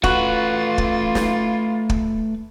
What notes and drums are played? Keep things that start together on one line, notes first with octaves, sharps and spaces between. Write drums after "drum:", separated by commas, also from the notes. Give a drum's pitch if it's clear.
A3 F4 F#4 B4, drum: kick
drum: kick
drum: snare
drum: kick